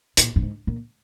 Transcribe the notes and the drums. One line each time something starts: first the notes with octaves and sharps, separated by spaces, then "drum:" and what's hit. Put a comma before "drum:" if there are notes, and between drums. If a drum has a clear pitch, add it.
A#2, drum: hi-hat
G2
G#2
A#2